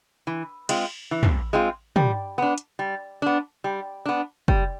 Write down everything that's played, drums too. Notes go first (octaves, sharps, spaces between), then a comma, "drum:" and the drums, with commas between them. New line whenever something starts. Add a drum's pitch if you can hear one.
E3
G#3 C4 F4, drum: cymbal
E3
drum: tom
G#3 C4 F4
G3, drum: tom
B3 D4
drum: hi-hat
G3
B3 D4
G3
B3 D4
G3, drum: kick